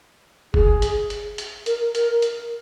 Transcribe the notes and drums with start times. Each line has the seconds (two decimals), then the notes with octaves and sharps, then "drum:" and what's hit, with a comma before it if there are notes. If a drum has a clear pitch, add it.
0.54 G#4, drum: kick F#1
0.82 drum: hi-hat
1.10 drum: hi-hat
1.38 drum: hi-hat
1.66 A#4, drum: hi-hat
1.95 A#4, drum: hi-hat
2.22 drum: hi-hat